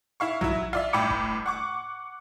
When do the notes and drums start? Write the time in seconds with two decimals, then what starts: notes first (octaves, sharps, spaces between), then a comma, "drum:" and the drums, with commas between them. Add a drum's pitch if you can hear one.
0.20 E4 F5 C#6
0.41 F#3 E4, drum: tom A#1
0.73 F4 D5 E5
0.93 G1 A2 G5 B5 D6 C#7
1.10 drum: kick
1.46 F#5 C#6 D6